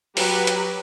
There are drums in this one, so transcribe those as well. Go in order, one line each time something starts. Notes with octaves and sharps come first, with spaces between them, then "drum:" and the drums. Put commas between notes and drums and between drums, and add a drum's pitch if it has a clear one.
F#3 G4 B4, drum: open hi-hat
drum: hi-hat